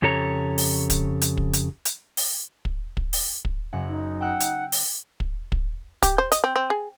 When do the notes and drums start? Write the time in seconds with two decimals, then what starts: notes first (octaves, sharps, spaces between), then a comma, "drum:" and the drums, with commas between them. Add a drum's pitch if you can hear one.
0.02 F2 C#3 G4 A4 C#5 A#5
0.58 drum: open hi-hat
0.90 drum: kick, hi-hat
1.21 drum: hi-hat
1.37 drum: kick
1.53 drum: hi-hat
1.85 drum: hi-hat
2.17 drum: open hi-hat
2.65 drum: kick
2.97 drum: kick
3.13 drum: open hi-hat
3.45 drum: kick
3.73 F#1 F#2 F#5
3.88 D#4
4.21 F#5 G5 E6 F#6
4.40 drum: hi-hat
4.72 drum: open hi-hat
5.20 drum: kick
5.52 drum: kick
6.03 G4, drum: kick, hi-hat
6.18 C5
6.32 D#5, drum: hi-hat
6.44 C4
6.56 C4
6.70 G#4